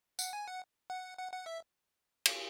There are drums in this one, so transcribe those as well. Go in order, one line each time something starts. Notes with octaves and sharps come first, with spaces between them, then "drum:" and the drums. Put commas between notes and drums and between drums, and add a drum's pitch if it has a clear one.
F#5, drum: tambourine
G#5
F#5
F#5
F#5
F#5
E5
drum: cymbal